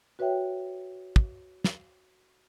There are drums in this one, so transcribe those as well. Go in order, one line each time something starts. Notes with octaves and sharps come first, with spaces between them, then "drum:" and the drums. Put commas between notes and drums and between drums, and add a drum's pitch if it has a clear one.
F#4 B4 C#5 E5 G5
drum: kick
drum: snare